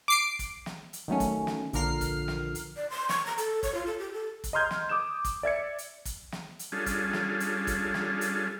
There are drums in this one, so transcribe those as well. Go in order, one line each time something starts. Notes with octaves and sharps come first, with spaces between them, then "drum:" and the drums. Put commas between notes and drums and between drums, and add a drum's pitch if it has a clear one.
D6 C7 D7
drum: kick, hi-hat
drum: snare
drum: hi-hat
D#3 F#3 A3 C#4
drum: kick, hi-hat
drum: snare
A#1 D3 F3 A#4 F6 C7, drum: hi-hat
drum: kick, hi-hat
drum: snare
drum: hi-hat
D5
C6
C#6, drum: snare
A#5
A4, drum: hi-hat
C#5, drum: kick, hi-hat
F4
A4
G4
A4
drum: kick, hi-hat
D#5 A#5 C6 F6 G6 G#6
drum: snare
D6 D#6 G6 E7
drum: kick, hi-hat
D5 E5 G#6 C#7
drum: hi-hat
drum: kick, hi-hat
drum: snare
drum: hi-hat
G3 C#4 D4 F4 G#4 A4
drum: kick, hi-hat
drum: snare
drum: hi-hat
drum: kick, hi-hat
drum: snare
drum: hi-hat